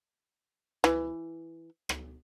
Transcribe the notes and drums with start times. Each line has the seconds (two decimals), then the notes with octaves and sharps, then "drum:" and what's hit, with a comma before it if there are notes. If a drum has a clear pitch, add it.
0.84 E3, drum: rim click
1.89 drum: rim click